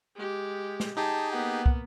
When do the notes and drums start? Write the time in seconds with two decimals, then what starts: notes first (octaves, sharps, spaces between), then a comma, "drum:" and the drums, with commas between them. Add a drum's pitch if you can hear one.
0.15 G#3 G4
0.80 drum: snare
0.97 D#4 G4 G#4 A5
1.31 A#3 B3 F#5
1.66 drum: kick